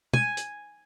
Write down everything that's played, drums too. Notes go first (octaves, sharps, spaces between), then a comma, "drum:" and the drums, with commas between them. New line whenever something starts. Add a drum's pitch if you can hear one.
G#5, drum: tom
drum: hi-hat